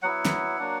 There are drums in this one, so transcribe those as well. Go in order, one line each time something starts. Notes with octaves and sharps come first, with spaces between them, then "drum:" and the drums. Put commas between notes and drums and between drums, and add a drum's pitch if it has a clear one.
F#3 B3 E4 F#5
drum: snare
F#3 A#3 D4